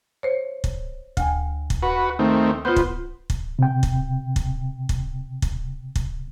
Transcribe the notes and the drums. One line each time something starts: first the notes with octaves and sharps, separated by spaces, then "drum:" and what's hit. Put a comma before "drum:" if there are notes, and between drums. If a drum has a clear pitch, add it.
C5 C#5
drum: kick
D2 G5 G#5, drum: kick
drum: kick
F#4 B4
D#3 A3 C4
B3 F4 C5 G6
drum: kick
drum: kick
C3 G5
drum: kick
drum: kick
drum: kick
drum: kick
drum: kick